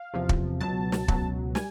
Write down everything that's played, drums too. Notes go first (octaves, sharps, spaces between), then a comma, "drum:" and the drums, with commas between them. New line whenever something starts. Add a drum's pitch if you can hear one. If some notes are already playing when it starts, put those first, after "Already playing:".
Already playing: F5
E2 C3 F3
drum: kick
C#2 B2 F#3 A5
drum: snare
C#2 B2 F#3, drum: kick
G3 G#5, drum: snare